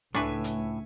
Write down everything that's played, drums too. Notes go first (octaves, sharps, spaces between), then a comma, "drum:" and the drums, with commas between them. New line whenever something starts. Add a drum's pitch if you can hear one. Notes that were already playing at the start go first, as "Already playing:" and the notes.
C#2 A2 A3 D4 B4 E5 G#5 C#6
drum: hi-hat